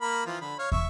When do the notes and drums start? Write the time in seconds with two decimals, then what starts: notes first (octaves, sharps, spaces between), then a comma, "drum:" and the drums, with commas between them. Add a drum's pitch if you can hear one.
0.01 A#3 A#4 B5
0.26 E3 F3 F4
0.41 D3 B5
0.59 C#5 F5
0.72 E5 C#6, drum: kick